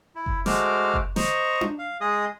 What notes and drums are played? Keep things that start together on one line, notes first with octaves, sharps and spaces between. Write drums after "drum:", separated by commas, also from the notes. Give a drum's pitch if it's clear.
E4
drum: kick F#1
G#3 A3 F#4 C5 D6 F6, drum: snare
drum: kick F#1
C5 D#5 A#5 C#6, drum: snare
drum: tom D4
F5
G#3 G#4 D#5 D#6